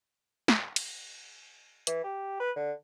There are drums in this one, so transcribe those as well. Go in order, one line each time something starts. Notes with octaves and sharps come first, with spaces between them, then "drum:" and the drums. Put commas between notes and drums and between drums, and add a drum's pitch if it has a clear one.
drum: snare
drum: cymbal
E3, drum: hi-hat
G4
B4
D3